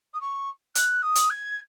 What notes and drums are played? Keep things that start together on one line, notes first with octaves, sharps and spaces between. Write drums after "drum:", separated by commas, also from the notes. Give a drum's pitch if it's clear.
D#6
C#6
F#6, drum: hi-hat
D#6
drum: hi-hat
G#6